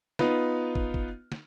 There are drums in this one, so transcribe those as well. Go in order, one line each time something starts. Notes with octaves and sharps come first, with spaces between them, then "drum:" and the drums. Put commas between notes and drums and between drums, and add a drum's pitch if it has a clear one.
B3 D#4 F4 B4, drum: snare
drum: kick
drum: kick
drum: snare